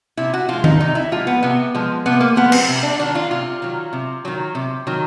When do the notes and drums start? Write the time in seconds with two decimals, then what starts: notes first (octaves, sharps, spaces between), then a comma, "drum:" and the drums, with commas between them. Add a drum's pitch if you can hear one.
0.17 C3 E4
0.34 F#4
0.49 F3 G#3 F4
0.64 D#4, drum: tom D#3
0.80 C3 D#4
0.95 E4
1.12 F3 G#3 F4
1.27 B3
1.43 C3 B3
1.75 F3 G#3
2.06 C3 B3
2.21 A#3
2.36 F3 G#3 B3
2.52 C4, drum: cymbal
2.68 C3
2.83 D4
2.99 D#3 F#3 D4
3.15 F4
3.31 C3 F4
3.62 D#3 F#3
3.93 C3
4.25 D#3 F#3
4.55 C3
4.87 D#3 F#3